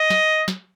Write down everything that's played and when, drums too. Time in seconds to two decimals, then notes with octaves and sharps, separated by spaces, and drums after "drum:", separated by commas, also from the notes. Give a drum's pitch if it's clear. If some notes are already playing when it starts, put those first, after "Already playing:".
Already playing: D#5
0.10 drum: snare
0.48 drum: snare